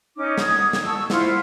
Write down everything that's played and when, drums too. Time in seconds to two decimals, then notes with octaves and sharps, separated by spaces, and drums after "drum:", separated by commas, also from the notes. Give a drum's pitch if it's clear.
0.16 C#4 D#4 D6
0.38 D#6 G#6, drum: snare
0.73 drum: snare
0.84 A5 C#6 E6
1.10 E4 F4 C5 F#5, drum: snare